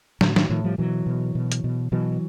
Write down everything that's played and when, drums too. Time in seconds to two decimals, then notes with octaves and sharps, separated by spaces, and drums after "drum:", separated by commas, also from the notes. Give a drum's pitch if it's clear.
0.21 A2 D3, drum: snare
0.36 D#3, drum: snare
0.50 A2 D#3 F3
0.64 F3 G3
0.78 B2 E3 F#3
1.06 B2
1.35 B2
1.52 drum: hi-hat
1.64 B2
1.92 B2 E3 F#3